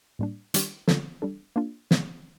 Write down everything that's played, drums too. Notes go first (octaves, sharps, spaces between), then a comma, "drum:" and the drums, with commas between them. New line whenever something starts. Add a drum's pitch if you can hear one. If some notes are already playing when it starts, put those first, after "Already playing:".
A2 G3 A#3 D4
D#3 G3 D4 G4 D5, drum: hi-hat
D3 G3 A#3 F4 A4, drum: snare
G3 D4 A4
A#3 D4 F4
C3 D#3 A3, drum: snare